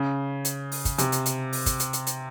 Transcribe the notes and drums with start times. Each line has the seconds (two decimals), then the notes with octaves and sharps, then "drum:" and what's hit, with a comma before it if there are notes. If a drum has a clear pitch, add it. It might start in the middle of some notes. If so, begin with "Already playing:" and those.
Already playing: C#3
0.45 drum: hi-hat
0.72 drum: open hi-hat
0.85 drum: kick, hi-hat
0.98 C3, drum: hi-hat
1.12 drum: hi-hat
1.26 drum: hi-hat
1.53 drum: open hi-hat
1.66 drum: kick, hi-hat
1.80 drum: hi-hat
1.93 drum: hi-hat
2.07 drum: hi-hat